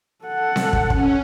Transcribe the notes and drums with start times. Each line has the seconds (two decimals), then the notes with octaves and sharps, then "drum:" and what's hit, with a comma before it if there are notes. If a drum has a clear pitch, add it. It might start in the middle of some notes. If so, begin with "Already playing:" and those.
0.24 A4 F#5
0.56 drum: snare C4
0.73 drum: kick
0.90 C#4, drum: kick